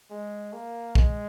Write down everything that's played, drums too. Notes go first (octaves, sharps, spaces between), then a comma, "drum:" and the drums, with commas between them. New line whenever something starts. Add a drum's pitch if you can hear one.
G#3
A#3
G#3, drum: kick